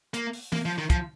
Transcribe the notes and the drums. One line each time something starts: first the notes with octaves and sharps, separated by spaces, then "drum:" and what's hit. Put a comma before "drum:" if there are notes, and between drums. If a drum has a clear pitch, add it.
A#3, drum: hi-hat
drum: open hi-hat
A#3, drum: tom E3
F3
D#3
F3, drum: kick, hi-hat